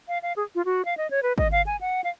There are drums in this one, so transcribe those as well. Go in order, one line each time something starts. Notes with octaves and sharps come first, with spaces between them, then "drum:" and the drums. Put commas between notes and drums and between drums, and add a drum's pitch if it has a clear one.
F5
F5
G#4
F4
F#4
F5
D#5
C#5
B4
D#5, drum: kick
F5
G#5
F#5
F5